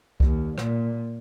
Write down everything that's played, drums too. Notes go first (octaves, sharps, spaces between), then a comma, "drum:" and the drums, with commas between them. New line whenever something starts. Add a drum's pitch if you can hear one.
D#2, drum: kick C2
A#2, drum: rim click